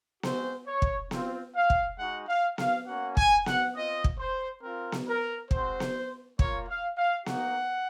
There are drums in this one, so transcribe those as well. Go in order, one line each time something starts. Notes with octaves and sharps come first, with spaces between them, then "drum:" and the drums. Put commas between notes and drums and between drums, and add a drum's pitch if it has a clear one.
G#3 C4 F#4 C5, drum: snare B3
C#5
drum: kick
C4 F4, drum: snare B3
F5
drum: kick
G#3 D#4 F#4 F#5
F5
F5, drum: snare B3
A#3 C#4 F#4 F#5
G#5, drum: kick
F#5, drum: snare B3
C4 F4 D#5
drum: kick
C5
C4 F4 A#4
drum: snare B3
A#4
G#3 C4 F#4 C5, drum: kick
drum: snare B3
A#3 F4 C#5, drum: kick
F5
F5
A#3 D#4 F#4 F#5, drum: snare B3